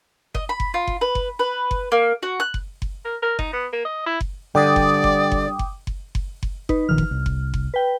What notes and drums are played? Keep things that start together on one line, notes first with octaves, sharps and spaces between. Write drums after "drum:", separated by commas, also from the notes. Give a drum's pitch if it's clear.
D#5, drum: kick F#1
B5
drum: kick F#1
F4
drum: kick F#1
B4
drum: kick F#1
B4
drum: kick F#1
A#3
F#4
F#6
drum: kick F#1
drum: kick F#1
A#4
A#4
D#4, drum: kick F#1
B3
A#3
D#5
E4
drum: kick F#1
G2 D3 D5 G5 D6 D#6
drum: kick F#1
drum: kick F#1
drum: kick F#1
drum: kick F#1
drum: kick F#1
drum: kick F#1
drum: kick F#1
D#4 B4, drum: kick F#1
A#1 D#3 F3 F6
drum: kick F#1
C2
drum: kick F#1
drum: kick F#1
B4 G5